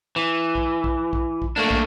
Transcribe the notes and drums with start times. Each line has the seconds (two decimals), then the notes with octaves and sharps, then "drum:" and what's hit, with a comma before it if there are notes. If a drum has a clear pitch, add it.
0.16 E3
0.55 drum: kick
0.84 drum: kick
1.13 drum: kick
1.42 drum: kick
1.56 A3 A#3 D4
1.71 drum: kick